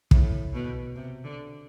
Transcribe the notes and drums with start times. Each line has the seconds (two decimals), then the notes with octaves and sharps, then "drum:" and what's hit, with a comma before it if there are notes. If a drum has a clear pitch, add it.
0.11 A2, drum: kick
0.54 B2
0.96 C3
1.24 D3